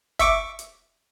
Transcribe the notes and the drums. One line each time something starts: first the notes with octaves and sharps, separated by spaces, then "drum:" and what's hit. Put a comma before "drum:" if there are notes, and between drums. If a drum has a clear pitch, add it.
E5 C#6 D6, drum: kick F#1, hi-hat
drum: hi-hat